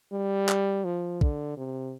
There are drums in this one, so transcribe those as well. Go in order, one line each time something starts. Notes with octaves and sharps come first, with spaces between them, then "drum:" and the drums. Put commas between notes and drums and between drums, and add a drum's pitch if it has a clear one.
G3
drum: clap
F3
D3, drum: kick
C3